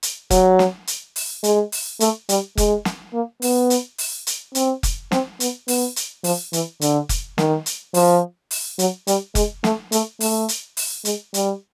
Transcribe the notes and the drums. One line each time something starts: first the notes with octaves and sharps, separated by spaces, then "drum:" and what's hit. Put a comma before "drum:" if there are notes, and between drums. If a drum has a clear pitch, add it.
drum: hi-hat
F#3, drum: kick F1, hi-hat
drum: snare
drum: hi-hat
drum: open hi-hat
G#3, drum: hi-hat
drum: open hi-hat
A3, drum: hi-hat
G3, drum: hi-hat
G#3, drum: kick F1, hi-hat
drum: snare
A#3
B3, drum: open hi-hat
drum: hi-hat
drum: open hi-hat
drum: hi-hat
C4, drum: hi-hat
drum: kick F1, hi-hat
C4, drum: snare
B3, drum: hi-hat
B3, drum: open hi-hat
drum: hi-hat
F3, drum: open hi-hat
E3, drum: hi-hat
D3, drum: hi-hat
drum: kick F1, hi-hat
D#3, drum: snare
drum: hi-hat
F3, drum: open hi-hat
drum: open hi-hat
F#3, drum: hi-hat
G3, drum: hi-hat
G#3, drum: kick F1, hi-hat
A3, drum: snare
A3, drum: hi-hat
A3, drum: open hi-hat
drum: hi-hat
drum: open hi-hat
G#3, drum: hi-hat
G3, drum: hi-hat